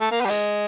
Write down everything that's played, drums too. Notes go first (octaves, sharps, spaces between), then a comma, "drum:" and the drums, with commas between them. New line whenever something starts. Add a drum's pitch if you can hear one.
A3
A#3
B3
G3
G#3, drum: hi-hat